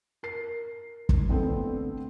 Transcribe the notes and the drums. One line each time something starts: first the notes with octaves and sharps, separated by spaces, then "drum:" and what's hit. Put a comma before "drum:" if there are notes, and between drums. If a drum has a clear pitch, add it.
A#4 C7
drum: kick
D3 A3 B3 C4 E4